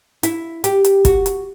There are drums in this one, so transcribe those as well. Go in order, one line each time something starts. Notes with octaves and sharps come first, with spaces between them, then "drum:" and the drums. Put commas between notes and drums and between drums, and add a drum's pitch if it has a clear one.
E4, drum: hi-hat
G4, drum: hi-hat
drum: hi-hat
F#4, drum: kick, hi-hat
drum: hi-hat